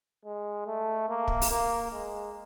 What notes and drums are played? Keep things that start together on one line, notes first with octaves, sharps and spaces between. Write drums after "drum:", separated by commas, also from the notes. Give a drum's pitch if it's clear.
G#3
A3
A#3
drum: kick
drum: open hi-hat
A#3
G#3